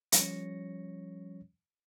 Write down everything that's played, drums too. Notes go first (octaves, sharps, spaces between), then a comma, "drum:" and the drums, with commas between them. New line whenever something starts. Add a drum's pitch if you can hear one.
F3 G3 C#4 C#5 A#6 C#7, drum: hi-hat